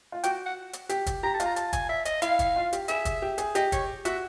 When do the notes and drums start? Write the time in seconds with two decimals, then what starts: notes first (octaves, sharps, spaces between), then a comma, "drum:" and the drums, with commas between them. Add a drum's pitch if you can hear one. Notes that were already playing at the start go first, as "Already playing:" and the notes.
0.12 F4
0.23 F#4 G5, drum: hi-hat
0.46 F#5
0.73 drum: hi-hat
0.89 G4, drum: hi-hat
1.06 drum: kick, hi-hat
1.23 G4 A#5
1.34 A5
1.40 F4, drum: hi-hat
1.46 A#5
1.56 A5, drum: hi-hat
1.73 G#5, drum: kick, hi-hat
1.89 E5
2.05 D#5, drum: hi-hat
2.22 E4 F5, drum: hi-hat
2.39 drum: kick, hi-hat
2.56 F4
2.73 G4, drum: hi-hat
2.88 G#4 E5, drum: hi-hat
3.05 drum: kick, hi-hat
3.22 G4
3.38 G#4, drum: hi-hat
3.55 G4 D#5, drum: hi-hat
3.72 C#5, drum: kick, hi-hat
4.05 F#4 E5, drum: hi-hat